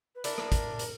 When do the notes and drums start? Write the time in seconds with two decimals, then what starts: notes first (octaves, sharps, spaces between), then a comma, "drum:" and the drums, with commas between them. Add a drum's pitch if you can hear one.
0.15 B4
0.24 D4 E4 A#4, drum: hi-hat
0.38 drum: rim click
0.52 drum: kick, hi-hat
0.79 drum: hi-hat